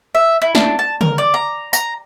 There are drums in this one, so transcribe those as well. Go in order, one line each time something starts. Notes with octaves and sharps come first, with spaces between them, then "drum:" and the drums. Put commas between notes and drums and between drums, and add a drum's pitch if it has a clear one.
E5
E4
D4, drum: snare
A5
A#4, drum: tom C#3
D5
A#5
A#5, drum: tambourine